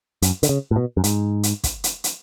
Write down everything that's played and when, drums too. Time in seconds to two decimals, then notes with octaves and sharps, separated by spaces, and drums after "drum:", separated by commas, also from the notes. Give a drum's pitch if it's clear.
0.22 F#2, drum: hi-hat
0.43 D3, drum: hi-hat
0.49 C#3
0.71 A2
0.76 B2
0.97 F#2
1.04 G#2, drum: hi-hat
1.43 drum: hi-hat
1.64 drum: kick, hi-hat
1.84 drum: hi-hat
2.04 drum: hi-hat